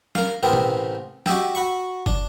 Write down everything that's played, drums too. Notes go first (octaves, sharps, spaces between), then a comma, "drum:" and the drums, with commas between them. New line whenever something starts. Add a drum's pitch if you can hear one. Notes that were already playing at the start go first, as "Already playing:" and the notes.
A#4 F5, drum: snare
A1 C3 B3 C4 A#4
drum: tom B2
F#4 G4 D#5 E5 G5, drum: snare
F#4 B5 C#6
D4, drum: kick